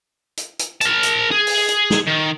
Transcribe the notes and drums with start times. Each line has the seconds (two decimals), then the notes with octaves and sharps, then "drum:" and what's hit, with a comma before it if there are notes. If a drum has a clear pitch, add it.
0.37 drum: hi-hat
0.59 drum: hi-hat
0.81 A#4 A5, drum: hi-hat
1.03 drum: hi-hat
1.31 G#4
1.47 drum: open hi-hat
1.69 drum: hi-hat
1.90 drum: snare
2.07 D#3